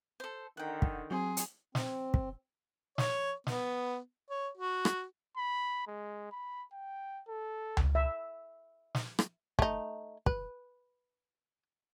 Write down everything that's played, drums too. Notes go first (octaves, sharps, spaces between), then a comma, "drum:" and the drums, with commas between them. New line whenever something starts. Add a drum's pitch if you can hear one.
A4 C5
D3 D#3 F#5 G5
drum: kick
F#3 C4 G#4 C6
drum: hi-hat
C4, drum: snare
drum: kick
C#5, drum: snare
B3, drum: snare
C#5
F#4
drum: rim click
B5
G#3
B5
G5
A4
drum: tom C#2
E5
drum: snare
drum: rim click
A3 D#4, drum: kick
B4, drum: kick